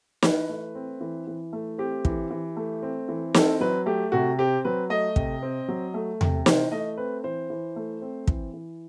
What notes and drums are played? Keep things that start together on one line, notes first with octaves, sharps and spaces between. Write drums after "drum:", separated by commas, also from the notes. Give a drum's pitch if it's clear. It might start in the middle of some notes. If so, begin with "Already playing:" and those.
E3 B4, drum: snare
A3
C4
E3
E3
A3
C4 G4
E3, drum: kick
E3
A3
C4
E3
C4 A4, drum: snare
F#3 B4
A3 G4
C3 F#4
C4 G4
F#3 B4
A3 D#5
C3, drum: kick
C4
F#3
A3
C3, drum: tom E2
E3 C5, drum: snare
A3 D#5
C4 B4
E3 C5
E3
A3
C4
E3, drum: kick
E3